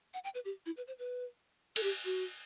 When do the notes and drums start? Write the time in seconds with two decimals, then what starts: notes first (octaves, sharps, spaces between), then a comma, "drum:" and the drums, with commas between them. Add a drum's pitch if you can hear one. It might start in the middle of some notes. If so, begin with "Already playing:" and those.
0.14 F#5
0.24 G5
0.35 B4
0.45 G4
0.66 E4
0.77 B4
0.87 C5
0.99 B4
1.76 A4, drum: cymbal
1.83 G4
2.05 F#4